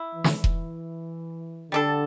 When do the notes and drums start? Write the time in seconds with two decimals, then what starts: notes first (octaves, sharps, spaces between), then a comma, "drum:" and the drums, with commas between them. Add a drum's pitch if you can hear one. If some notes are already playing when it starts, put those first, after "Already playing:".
Already playing: E4
0.15 E3
0.24 drum: snare
0.44 drum: kick E1
1.71 D3 G3 D4 A4